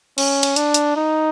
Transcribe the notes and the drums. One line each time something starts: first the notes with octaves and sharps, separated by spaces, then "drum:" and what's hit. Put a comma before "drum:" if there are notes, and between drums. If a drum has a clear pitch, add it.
C#4, drum: cymbal
drum: cymbal
D4, drum: hi-hat
drum: hi-hat
D#4